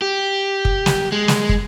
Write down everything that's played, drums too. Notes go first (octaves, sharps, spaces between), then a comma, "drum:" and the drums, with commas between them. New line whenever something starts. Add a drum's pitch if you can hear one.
G4
drum: kick
drum: snare
G#3
drum: snare
drum: kick